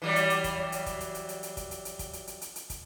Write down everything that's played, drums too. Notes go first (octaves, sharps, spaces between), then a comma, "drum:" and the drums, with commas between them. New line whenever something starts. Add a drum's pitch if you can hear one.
E3 F#3 G3
drum: hi-hat
drum: hi-hat
drum: kick, hi-hat
drum: hi-hat
drum: kick, hi-hat
drum: hi-hat
drum: hi-hat
drum: hi-hat
drum: hi-hat
drum: kick, hi-hat
drum: hi-hat
drum: hi-hat
drum: kick, hi-hat
drum: hi-hat
drum: hi-hat
drum: hi-hat
drum: hi-hat
drum: kick, hi-hat